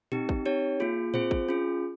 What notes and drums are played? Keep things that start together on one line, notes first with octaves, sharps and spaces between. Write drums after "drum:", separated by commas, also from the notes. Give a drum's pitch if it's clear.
C4 D#4 G4, drum: tom A#2
drum: kick
C4 D#4 G4 C#5
A#3 F4 G#4
C4 F4 G#4 C5, drum: tom A2
drum: kick
C#4 F4 G#4